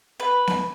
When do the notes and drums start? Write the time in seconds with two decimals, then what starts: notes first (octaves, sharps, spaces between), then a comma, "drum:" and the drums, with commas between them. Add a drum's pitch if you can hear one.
0.20 B4
0.47 drum: snare B3